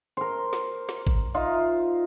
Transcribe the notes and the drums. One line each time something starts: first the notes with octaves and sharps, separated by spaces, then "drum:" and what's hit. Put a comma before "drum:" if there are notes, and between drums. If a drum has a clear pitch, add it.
A#4 C5
drum: snare
drum: snare
drum: kick G#1
D#4 F4 E5